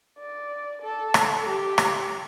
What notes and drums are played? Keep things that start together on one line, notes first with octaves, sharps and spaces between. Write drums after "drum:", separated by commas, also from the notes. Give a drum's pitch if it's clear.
D5
A4
drum: rim click
G4
drum: rim click